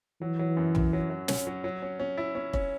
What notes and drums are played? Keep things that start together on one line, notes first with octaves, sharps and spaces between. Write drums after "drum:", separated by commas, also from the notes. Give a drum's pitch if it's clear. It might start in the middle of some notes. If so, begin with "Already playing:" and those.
E3 F#3
F#3
F#2
F#2, drum: tom B1
F#3
F#3
C#4, drum: snare
F#3
F#3
C#4
C#4
E4
C#4
C#4, drum: kick